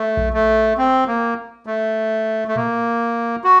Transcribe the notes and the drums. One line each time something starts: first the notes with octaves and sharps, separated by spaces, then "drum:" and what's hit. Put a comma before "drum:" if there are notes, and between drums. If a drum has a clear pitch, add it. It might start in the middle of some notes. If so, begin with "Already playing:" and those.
Already playing: A3
drum: kick A#1
A3
C4
A#3
A3
A3
A#3, drum: tom A2
F#4